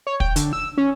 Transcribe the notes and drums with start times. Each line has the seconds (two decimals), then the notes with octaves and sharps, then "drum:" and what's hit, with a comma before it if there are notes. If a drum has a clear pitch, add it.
0.07 C#5
0.20 G5, drum: kick
0.36 D3, drum: hi-hat
0.53 E6
0.77 C#4